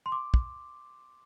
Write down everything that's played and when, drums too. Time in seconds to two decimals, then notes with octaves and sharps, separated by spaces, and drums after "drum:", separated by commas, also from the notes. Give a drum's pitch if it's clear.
0.06 C6
0.12 D6
0.34 drum: kick